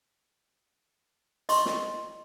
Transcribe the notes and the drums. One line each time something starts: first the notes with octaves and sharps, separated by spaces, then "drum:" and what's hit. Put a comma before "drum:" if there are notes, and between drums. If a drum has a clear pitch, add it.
D#5 C6 C#6, drum: hi-hat
drum: snare